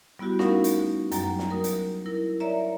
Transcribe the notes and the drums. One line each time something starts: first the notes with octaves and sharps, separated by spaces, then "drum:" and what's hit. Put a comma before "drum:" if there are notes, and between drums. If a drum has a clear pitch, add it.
G3 B3 E4 F#4 G4
A3 C#4 D#4 A#4 F5 F#5, drum: snare
drum: hi-hat
F#2 F#3 G5 A#5, drum: hi-hat
drum: snare
A#4 D#6
drum: hi-hat
E4 A#4
A#4 C#5 D5 E5 A#5